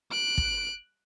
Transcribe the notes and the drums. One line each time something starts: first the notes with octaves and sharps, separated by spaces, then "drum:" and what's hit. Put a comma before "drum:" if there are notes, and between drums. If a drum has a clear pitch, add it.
F#6 D7
drum: kick